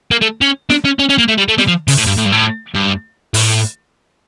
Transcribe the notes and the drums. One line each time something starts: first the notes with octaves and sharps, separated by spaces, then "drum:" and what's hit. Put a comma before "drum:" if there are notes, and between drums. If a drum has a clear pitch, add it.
A#3
A3
C#4
D4, drum: snare
C#4
C#4
C#4
A#3
A3
G3
A3
G3, drum: snare
F3
C#3, drum: open hi-hat
A2
G2
A2
G2
A2
G2
A2, drum: open hi-hat